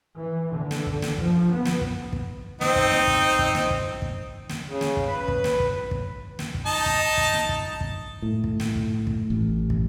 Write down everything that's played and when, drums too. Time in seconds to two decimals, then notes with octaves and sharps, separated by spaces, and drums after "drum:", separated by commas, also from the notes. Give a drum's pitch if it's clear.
0.15 E3
0.52 D3
0.71 drum: snare
0.86 drum: kick
1.02 drum: snare
1.18 F3, drum: kick
1.53 B3
1.65 drum: snare
1.81 drum: kick
2.13 drum: kick
2.61 C4 D#4, drum: snare
2.76 drum: kick
2.92 drum: snare
3.07 drum: kick
3.39 drum: kick
3.55 drum: snare
3.70 drum: kick
4.02 drum: kick
4.49 drum: snare
4.68 C#3
4.81 drum: snare
4.97 drum: kick
5.07 B4
5.28 drum: kick
5.44 drum: snare
5.60 drum: kick
5.91 drum: kick
6.39 drum: snare
6.54 drum: kick
6.66 D#4 A5
6.86 drum: kick
7.18 drum: kick
7.33 drum: snare
7.49 drum: kick
7.81 drum: kick
8.22 A2
8.44 drum: kick
8.60 drum: snare
8.75 drum: kick
9.07 drum: kick
9.30 A1
9.70 drum: kick